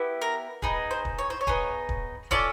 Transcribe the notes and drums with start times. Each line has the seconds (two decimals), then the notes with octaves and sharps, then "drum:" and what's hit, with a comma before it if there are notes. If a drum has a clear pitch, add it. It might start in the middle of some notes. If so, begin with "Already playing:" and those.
Already playing: B3 E4 G4
0.22 A#4
0.62 B3 D#4 G#4 B4, drum: kick
0.91 C5
1.05 drum: kick
1.19 C#5
1.30 C5
1.41 C#5
1.47 B3 D#4 G#4, drum: kick
1.89 drum: kick
2.31 C#4 F4 A4 D5, drum: kick